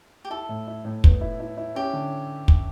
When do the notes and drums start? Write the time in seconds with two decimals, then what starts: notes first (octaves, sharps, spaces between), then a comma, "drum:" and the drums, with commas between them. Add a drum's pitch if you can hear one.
0.25 G4
0.30 E4 A4
0.49 A2
0.67 E4
0.85 A2
1.04 B3, drum: kick
1.21 E4
1.40 E4
1.57 E4
1.75 C#4 G4
1.93 D3
2.48 drum: kick